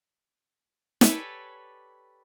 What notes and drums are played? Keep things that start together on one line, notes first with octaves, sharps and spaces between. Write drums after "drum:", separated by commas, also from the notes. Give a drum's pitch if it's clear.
G4 A4 B4 C#5 D5 G#5, drum: snare